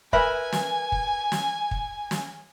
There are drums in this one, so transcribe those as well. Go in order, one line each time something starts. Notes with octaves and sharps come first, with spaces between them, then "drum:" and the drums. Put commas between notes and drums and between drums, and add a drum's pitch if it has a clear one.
A#4 B4 E5 G#5, drum: kick
drum: snare
drum: kick
drum: snare
drum: kick
drum: snare